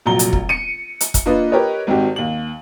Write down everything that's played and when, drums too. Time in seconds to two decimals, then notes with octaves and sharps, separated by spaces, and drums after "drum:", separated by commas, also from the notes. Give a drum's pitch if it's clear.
0.06 F1 A#1 F#3 A#5 G7
0.19 drum: hi-hat
0.33 drum: kick
0.49 C#7 D#7
1.01 drum: hi-hat
1.14 drum: kick, hi-hat
1.26 A#3 D4 F4 B4 D#5
1.51 G4 A#4 B4 C#5 D#5
1.87 G#1 G#2 C4 F#4 G4
2.16 D#2 F#7